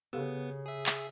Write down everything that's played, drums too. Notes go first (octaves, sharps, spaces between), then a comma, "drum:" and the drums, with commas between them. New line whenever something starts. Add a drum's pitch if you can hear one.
C#3 B3 G4 A4 F5
G#4 E5
drum: clap